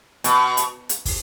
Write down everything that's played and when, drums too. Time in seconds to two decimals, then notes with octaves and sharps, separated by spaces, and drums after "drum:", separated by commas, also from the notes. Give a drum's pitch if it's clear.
0.24 B2, drum: hi-hat
0.57 drum: hi-hat
0.89 drum: hi-hat
1.05 drum: kick, open hi-hat